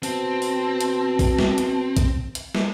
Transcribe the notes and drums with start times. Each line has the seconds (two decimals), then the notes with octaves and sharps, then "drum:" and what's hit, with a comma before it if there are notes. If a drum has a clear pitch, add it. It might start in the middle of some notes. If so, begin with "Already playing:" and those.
0.03 B2 C4 A5, drum: open hi-hat
0.42 drum: open hi-hat
0.81 drum: hi-hat
1.19 drum: kick, open hi-hat
1.39 drum: snare
1.58 drum: hi-hat
1.97 drum: kick, hi-hat
2.35 drum: hi-hat
2.55 drum: snare